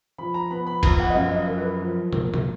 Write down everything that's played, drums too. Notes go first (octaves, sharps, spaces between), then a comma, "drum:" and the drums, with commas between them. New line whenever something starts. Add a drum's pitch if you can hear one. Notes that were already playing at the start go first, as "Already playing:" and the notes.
F3 B5
A#5
B3 B5
B5
F3 A#5, drum: kick, cymbal
F#5
D#5
F#2 F5
D#5
F3 A#4
B4
A#4
F3
A#3, drum: tom
drum: tom